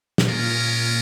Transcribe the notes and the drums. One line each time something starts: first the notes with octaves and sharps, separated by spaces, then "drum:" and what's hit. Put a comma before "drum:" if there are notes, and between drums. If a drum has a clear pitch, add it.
B2, drum: snare
A#2 G#3 C#4 F4 A#4